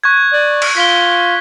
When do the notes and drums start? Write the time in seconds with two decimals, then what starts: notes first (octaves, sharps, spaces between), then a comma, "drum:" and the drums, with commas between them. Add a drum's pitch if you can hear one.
0.04 C#6 F#6 G#6
0.33 D5
0.62 drum: cymbal
0.77 F4 B6 G7